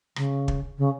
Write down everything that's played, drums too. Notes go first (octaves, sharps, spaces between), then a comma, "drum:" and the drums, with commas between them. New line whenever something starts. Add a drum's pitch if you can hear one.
C#3, drum: rim click
drum: kick
C#3